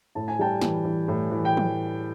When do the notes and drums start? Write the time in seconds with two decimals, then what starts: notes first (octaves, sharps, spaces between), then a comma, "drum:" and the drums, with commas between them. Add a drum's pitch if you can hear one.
0.15 A2 A5
0.28 G#5
0.39 G3 G5 A5
0.62 E3, drum: snare
0.84 E3
1.08 A2
1.31 E3
1.45 G5
1.57 drum: tom